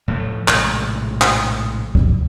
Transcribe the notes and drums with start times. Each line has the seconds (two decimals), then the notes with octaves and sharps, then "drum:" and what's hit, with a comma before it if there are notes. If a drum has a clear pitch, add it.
0.08 A2 F3 F#3 A3
0.48 A#1 A2 C3 G#3, drum: clap
1.21 drum: clap
1.95 drum: kick